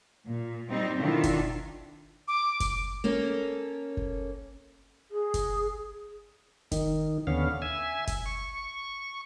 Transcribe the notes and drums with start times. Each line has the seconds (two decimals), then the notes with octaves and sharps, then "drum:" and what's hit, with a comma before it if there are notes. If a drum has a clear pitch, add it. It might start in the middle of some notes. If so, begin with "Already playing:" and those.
0.24 A#2
0.69 G3 C4 D#4
0.99 B2 D#3 D4 E4 F4 A4
1.23 drum: kick F#1, hi-hat
2.28 D6
2.60 drum: kick F#1, hi-hat
3.04 A#3 C#4 A4
3.97 drum: kick F#1
5.11 G#4
5.34 drum: kick F#1, hi-hat
6.72 D#3, drum: kick F#1, hi-hat
7.27 D#2 D3 B3 C#4 F5
7.62 E5 G#5
8.07 drum: kick F#1, hi-hat
8.26 C#6